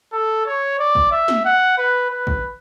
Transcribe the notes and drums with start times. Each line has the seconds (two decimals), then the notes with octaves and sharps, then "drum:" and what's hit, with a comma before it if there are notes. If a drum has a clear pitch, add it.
0.13 A4
0.46 C#5
0.79 D5
0.95 drum: kick
1.11 E5
1.28 drum: snare
1.45 F#5
1.78 B4
2.10 B4
2.27 drum: kick